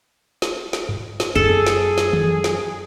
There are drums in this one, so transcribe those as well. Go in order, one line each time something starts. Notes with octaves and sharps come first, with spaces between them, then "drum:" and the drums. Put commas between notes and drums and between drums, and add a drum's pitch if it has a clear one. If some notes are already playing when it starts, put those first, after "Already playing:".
drum: snare
drum: snare
drum: tom G2
drum: snare
F#2 G#4 A4
drum: snare
drum: snare
drum: tom
drum: snare